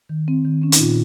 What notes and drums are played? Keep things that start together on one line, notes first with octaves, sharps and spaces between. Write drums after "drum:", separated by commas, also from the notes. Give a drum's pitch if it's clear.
D#3
C4
D#3
C4 C#4
D#4, drum: hi-hat
A#2 F4